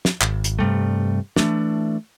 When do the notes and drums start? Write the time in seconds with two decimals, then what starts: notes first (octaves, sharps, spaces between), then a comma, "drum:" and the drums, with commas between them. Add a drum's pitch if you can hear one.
0.05 drum: snare
0.21 G#1, drum: clap
0.44 drum: hi-hat
0.59 G2 C3 G3 A3
1.36 E3 A3 D4, drum: snare